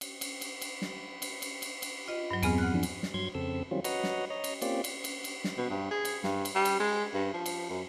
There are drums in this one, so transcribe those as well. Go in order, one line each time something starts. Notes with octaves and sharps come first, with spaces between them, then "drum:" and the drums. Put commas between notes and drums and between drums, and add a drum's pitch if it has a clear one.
drum: cymbal
drum: cymbal
drum: cymbal
drum: cymbal
drum: snare
drum: cymbal
drum: cymbal
drum: cymbal
drum: cymbal
F4 D#5
G2 F#3
E2 B3 C4 G#4 G#5 F6, drum: cymbal
F#5 F#6
F3 D4
drum: cymbal
drum: snare
G2 F#3 C6 G#6
F2 C#3 C4 A4 E6
D#3 F#3 G3 C4 C#4 F4
F#4 B4 C#5 D#5 F#5 A#5, drum: cymbal
drum: snare
C#5 D#5 A#5
drum: cymbal
A#3 C4 C#4 F4 G4 D5, drum: cymbal
drum: cymbal
drum: cymbal
drum: cymbal
drum: snare
B2
G2
G#4
drum: cymbal
G2, drum: snare
drum: cymbal
G3
drum: cymbal
G#3
G2
F3
drum: cymbal
F#2